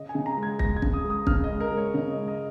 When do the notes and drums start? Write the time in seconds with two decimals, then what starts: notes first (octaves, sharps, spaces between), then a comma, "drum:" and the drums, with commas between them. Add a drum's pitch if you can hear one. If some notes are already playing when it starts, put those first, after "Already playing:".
Already playing: C#3 D#5
0.09 G#5
0.15 C#3
0.26 A#5
0.37 G#3
0.43 G#6
0.59 G#3 A#6, drum: kick
0.76 G#6
0.82 C#3, drum: kick
0.93 D#6
1.05 G#3
1.10 D#6
1.27 C#3 F6, drum: kick
1.44 D#5
1.49 G#3
1.60 A#4
1.72 G#3
1.77 C#5
1.94 C#3 D#5
2.11 D#5
2.16 G#3
2.28 D#5